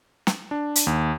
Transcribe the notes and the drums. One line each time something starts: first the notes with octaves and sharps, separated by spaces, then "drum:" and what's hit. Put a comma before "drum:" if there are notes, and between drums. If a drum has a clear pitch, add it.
drum: snare
D4
drum: hi-hat
D#2